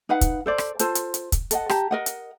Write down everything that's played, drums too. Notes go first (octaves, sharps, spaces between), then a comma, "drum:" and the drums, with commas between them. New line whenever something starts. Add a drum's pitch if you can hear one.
D#4 B4 F5 F#5
drum: kick, hi-hat
A4 C5 D5
drum: rim click
F4 A4 C5 A5, drum: hi-hat
drum: hi-hat
drum: hi-hat
drum: kick, hi-hat
A4 D#5 F#5, drum: hi-hat
G4 A5 A#5, drum: rim click
A#4 D#5 F#5
drum: hi-hat